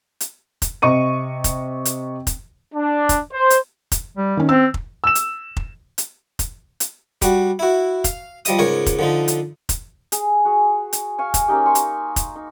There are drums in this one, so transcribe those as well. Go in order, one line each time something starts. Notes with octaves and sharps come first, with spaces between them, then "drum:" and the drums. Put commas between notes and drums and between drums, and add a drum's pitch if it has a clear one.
drum: hi-hat
drum: kick F1, hi-hat
C3 D#5 C#6 D#7
drum: kick F1, hi-hat
drum: hi-hat
drum: kick F1, hi-hat
D4
drum: kick F1, hi-hat
C5
drum: hi-hat
drum: kick F1, hi-hat
G3
D#3 C#4
C4 E6
drum: kick F1
E6 E7
drum: hi-hat
drum: kick F1
drum: hi-hat
drum: kick F1, hi-hat
drum: hi-hat
G3 F#4, drum: kick F1, hi-hat
E4 F#4
F5, drum: kick F1, hi-hat
F3 G3 D#5 D#6, drum: hi-hat
C#2 G#2 A#4 C#5 C#6
drum: kick F1, hi-hat
D3 F3 D#4
drum: hi-hat
drum: kick F1, hi-hat
G#4, drum: hi-hat
F#4 G#4
drum: hi-hat
F5 G#5 C#6
drum: kick F1, hi-hat
A#3 C#4 D#4 G4
G#5 C6 C#6
drum: hi-hat
drum: kick F1, hi-hat
D#4